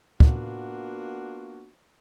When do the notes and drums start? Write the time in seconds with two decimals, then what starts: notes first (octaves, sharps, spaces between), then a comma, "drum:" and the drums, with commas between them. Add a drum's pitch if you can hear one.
0.20 A#3 B3 D4 F4 F#4, drum: kick